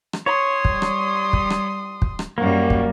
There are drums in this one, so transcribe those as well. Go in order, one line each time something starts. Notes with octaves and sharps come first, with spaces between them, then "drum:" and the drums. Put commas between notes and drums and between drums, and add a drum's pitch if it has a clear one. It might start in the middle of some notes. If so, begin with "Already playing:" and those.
drum: rim click
C#5 C6 D#6
G3, drum: kick
drum: rim click
drum: kick
drum: rim click
drum: kick
drum: rim click
F#2 G3 A#3 F#4
drum: kick